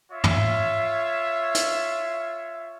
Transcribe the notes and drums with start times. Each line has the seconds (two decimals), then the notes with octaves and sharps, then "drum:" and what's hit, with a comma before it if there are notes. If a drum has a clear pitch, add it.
0.12 F4 C#5 E5
0.24 drum: tom
1.55 drum: hi-hat